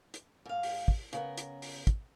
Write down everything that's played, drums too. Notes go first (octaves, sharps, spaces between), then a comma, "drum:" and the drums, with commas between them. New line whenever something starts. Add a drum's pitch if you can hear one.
drum: hi-hat
G#2 F5
drum: open hi-hat
drum: kick
C#3 B3 A#4, drum: hi-hat
drum: hi-hat
drum: open hi-hat
drum: kick, hi-hat